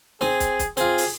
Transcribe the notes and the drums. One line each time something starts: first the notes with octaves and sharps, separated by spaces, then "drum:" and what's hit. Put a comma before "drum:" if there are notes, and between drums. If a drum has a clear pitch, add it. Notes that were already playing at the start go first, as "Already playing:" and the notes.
C4 G#4 G#5, drum: snare
drum: kick, hi-hat
drum: kick, hi-hat
C4 F4 G#4, drum: hi-hat
drum: open hi-hat